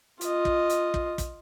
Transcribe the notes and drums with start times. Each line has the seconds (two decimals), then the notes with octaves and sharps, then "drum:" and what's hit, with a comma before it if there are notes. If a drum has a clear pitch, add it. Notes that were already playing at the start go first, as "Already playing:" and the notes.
0.21 F4 D#5, drum: hi-hat
0.45 drum: kick
0.69 drum: hi-hat
0.94 drum: kick
1.18 drum: kick, hi-hat